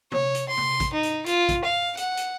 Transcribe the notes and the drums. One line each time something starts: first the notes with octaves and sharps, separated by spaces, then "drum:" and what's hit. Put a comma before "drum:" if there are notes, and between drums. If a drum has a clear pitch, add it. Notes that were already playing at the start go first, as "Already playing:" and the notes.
C#5, drum: tom C3
drum: hi-hat
C6
drum: tom C3
drum: kick, hi-hat
D#4
drum: hi-hat
F4, drum: hi-hat
drum: kick, hi-hat
F5
F#5, drum: hi-hat
drum: hi-hat